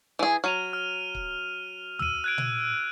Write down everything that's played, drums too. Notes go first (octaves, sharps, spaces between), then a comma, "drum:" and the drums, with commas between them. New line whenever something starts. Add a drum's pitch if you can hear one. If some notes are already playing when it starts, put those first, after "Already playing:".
E3 G#4
F#3 F6 D#7 F7
F6
drum: kick
E6 D#7, drum: tom
F#6 G#6 D7
drum: tom A#2